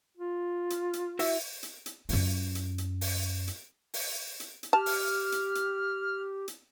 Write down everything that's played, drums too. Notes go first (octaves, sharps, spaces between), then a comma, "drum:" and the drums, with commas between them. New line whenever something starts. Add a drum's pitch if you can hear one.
F4
drum: hi-hat
drum: hi-hat
E4 F#4 E5, drum: open hi-hat
drum: hi-hat
drum: hi-hat
F#2 F4, drum: open hi-hat
drum: hi-hat
drum: hi-hat
drum: open hi-hat
drum: hi-hat
drum: open hi-hat
drum: hi-hat
drum: hi-hat
G4 A5 F6
drum: open hi-hat
drum: hi-hat
drum: hi-hat
drum: hi-hat